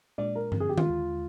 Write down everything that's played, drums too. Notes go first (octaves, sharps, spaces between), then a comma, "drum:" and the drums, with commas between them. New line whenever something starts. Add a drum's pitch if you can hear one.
A#2 G#3 D4 D5
A#4
D3 F3 C4, drum: tom G2
G#4
G4
F4, drum: tom D#3
D#2 D3 G#3